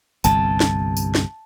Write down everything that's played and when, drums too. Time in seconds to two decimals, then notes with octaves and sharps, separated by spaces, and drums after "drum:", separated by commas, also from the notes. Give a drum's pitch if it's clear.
0.24 G1 C2 G2 A5, drum: tambourine
0.60 drum: snare
0.97 drum: tambourine
1.15 drum: snare